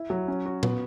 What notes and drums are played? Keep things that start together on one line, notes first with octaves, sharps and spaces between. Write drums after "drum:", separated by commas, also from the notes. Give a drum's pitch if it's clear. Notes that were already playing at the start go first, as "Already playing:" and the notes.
Already playing: E4
F#3
C#4
F#4
B3, drum: tom A#2